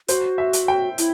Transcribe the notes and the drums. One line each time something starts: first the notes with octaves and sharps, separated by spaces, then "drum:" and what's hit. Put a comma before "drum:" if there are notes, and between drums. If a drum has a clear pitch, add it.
F#4 C5, drum: hi-hat
E5
drum: hi-hat
G5
E4, drum: hi-hat